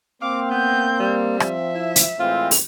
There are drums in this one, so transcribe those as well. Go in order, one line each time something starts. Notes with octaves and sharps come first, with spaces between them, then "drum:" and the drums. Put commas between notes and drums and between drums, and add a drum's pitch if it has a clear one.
A#3 C4 F5 D6
B3 G6
G3
F3 E5, drum: rim click
E4
drum: hi-hat
A2 E3 G#3 C4 F4
drum: open hi-hat